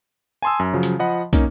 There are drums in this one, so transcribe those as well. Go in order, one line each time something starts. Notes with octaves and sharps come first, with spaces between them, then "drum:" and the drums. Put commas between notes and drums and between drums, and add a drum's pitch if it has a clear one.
G#5 A5 C6 D#6 E6
F#2
C#3 F3 F#3
drum: hi-hat
F3 D#5 F#5 B5
A#3 C#4 D#4, drum: kick, hi-hat